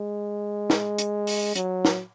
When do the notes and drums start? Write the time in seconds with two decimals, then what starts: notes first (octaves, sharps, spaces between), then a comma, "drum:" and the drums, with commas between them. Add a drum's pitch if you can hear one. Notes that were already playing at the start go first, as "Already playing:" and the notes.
Already playing: G#3
0.70 drum: snare
0.98 drum: hi-hat
1.27 drum: open hi-hat
1.56 F#3, drum: hi-hat
1.85 drum: snare